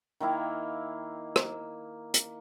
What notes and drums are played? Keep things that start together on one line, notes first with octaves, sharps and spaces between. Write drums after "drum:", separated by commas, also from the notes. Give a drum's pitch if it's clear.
D#3 A#3 E4 F5
drum: rim click
drum: hi-hat